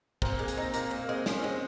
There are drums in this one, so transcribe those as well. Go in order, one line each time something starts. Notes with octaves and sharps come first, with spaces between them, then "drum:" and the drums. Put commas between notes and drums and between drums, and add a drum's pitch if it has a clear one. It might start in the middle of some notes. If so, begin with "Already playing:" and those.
A#2 C4, drum: kick
G#3 A#3
drum: hi-hat
C4 D#4
A#2 A#3, drum: hi-hat
A#2 A#3
G#3 C4
F3 C#4, drum: snare
G#3 C4